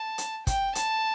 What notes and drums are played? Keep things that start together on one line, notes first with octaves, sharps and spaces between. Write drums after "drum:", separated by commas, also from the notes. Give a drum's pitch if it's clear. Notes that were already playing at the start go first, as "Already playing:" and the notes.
Already playing: A5
drum: hi-hat
G5, drum: kick, hi-hat
A5, drum: hi-hat